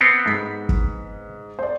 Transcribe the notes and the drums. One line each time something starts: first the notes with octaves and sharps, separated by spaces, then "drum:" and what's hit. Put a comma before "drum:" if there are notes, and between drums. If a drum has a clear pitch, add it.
B3 C4
G#2 B6
drum: kick
C5 D5